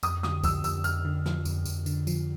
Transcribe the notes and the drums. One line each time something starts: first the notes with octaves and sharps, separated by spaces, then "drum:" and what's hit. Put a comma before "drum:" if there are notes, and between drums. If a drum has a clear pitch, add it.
F2 D#6, drum: tambourine
D3 D#6, drum: snare
F3 E6, drum: kick C2, tambourine
F2 E6, drum: tambourine
F2 F6, drum: tambourine
D3
F3, drum: snare
F2, drum: tambourine
F2, drum: tambourine
D3, drum: tambourine
F3, drum: tambourine